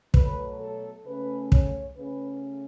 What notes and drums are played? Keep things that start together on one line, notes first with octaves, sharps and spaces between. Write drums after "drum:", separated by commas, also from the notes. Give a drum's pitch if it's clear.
B2 F#3 A3 B4, drum: kick
A4
C#3 A3 C#4 B4
C#5, drum: kick
C#3 A3 C#4 B4